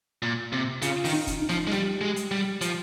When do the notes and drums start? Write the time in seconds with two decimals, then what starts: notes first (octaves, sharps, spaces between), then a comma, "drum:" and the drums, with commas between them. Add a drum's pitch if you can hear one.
0.22 A#2
0.53 C3
0.82 C#3 F4, drum: hi-hat
1.05 D#3, drum: open hi-hat
1.12 D#4
1.27 drum: kick, hi-hat
1.41 D#4
1.49 F3, drum: snare
1.67 G#3
1.71 G3 G4, drum: snare
2.01 G#3
2.16 drum: hi-hat
2.31 G3
2.61 F3, drum: hi-hat